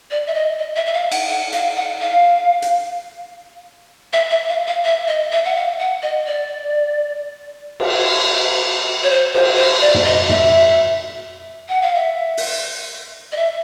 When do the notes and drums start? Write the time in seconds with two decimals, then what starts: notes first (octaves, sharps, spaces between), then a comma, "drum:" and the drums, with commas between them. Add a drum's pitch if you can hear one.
0.11 D5
0.27 E5
0.34 D#5
0.59 D#5
0.76 E5
0.86 E5
0.94 F5
1.12 F#5, drum: cymbal
1.29 F#5
1.52 F5, drum: hi-hat
1.76 F#5
2.01 F5
2.62 drum: hi-hat
4.13 E5
4.31 E5
4.48 F5
4.67 F5
4.85 E5
5.07 D#5
5.32 E5
5.45 F#5
5.55 F5
5.80 F#5
6.03 D#5
6.27 D5
7.80 drum: cymbal
9.03 C#5
9.10 C5
9.35 C5, drum: cymbal
9.57 C5
9.81 D5
9.94 drum: tom
10.05 D#5
10.29 E5, drum: tom
11.69 F#5
11.82 F5
11.95 E5
12.37 drum: open hi-hat
13.32 D#5
13.37 E5